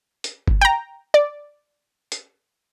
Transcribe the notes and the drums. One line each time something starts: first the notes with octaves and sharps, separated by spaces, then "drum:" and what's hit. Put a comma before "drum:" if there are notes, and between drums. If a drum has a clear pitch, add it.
drum: hi-hat
drum: kick G1
G5 A#5
D5
drum: hi-hat